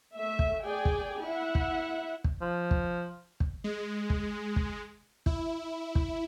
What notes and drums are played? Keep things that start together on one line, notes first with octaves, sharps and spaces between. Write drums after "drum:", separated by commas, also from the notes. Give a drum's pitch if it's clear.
A3 E5
drum: kick
G#4 D5 G5 G#5
drum: kick
E4 E5 F#5
drum: kick
drum: kick
F3
drum: kick
drum: kick
G#3
drum: kick
drum: kick
E4, drum: kick
drum: kick